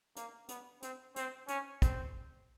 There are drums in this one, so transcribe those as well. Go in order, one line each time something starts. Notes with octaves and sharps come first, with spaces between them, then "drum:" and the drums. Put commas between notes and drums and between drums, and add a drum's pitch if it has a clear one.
A#3, drum: hi-hat
B3, drum: hi-hat
C4, drum: hi-hat
C4, drum: hi-hat
C#4, drum: hi-hat
C4, drum: kick, hi-hat